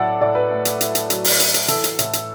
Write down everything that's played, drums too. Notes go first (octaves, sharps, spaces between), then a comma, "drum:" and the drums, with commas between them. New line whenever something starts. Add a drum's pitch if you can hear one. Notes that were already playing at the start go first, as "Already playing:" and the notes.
Already playing: A2 F#3 A3 A4 D5 F#5
A2 D5
B4
A3
drum: hi-hat
E4, drum: hi-hat
drum: hi-hat
F#3, drum: hi-hat
drum: open hi-hat
E4, drum: hi-hat
drum: hi-hat
E3 A4, drum: hi-hat
drum: hi-hat
A2, drum: hi-hat
drum: hi-hat